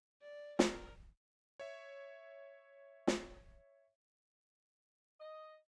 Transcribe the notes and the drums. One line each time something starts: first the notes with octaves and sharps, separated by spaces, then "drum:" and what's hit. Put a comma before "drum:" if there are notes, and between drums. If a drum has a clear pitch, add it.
D5
A#4, drum: snare
C#5 E5
drum: snare
D#5